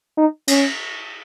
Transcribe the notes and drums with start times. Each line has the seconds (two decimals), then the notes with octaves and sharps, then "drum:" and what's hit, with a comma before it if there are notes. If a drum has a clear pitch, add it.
0.17 D#4
0.48 C#4, drum: cymbal